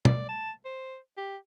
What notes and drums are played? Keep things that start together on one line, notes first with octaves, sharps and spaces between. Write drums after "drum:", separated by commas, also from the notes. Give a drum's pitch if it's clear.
D5, drum: tom
A5
C5
G4